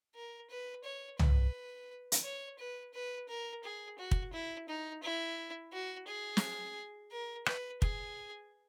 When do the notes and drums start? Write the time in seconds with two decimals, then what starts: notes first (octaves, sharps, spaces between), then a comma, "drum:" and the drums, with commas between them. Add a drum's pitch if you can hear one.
0.15 A#4
0.50 B4
0.84 C#5
1.19 B4, drum: tom C2
2.12 drum: hi-hat
2.24 C#5
2.59 B4
2.94 B4
3.29 A#4
3.63 G#4
3.98 F#4
4.11 drum: kick
4.33 E4
4.68 D#4
5.03 E4
5.73 F#4
6.07 G#4
6.37 drum: snare
7.12 A#4
7.46 B4, drum: rim click
7.82 G#4, drum: kick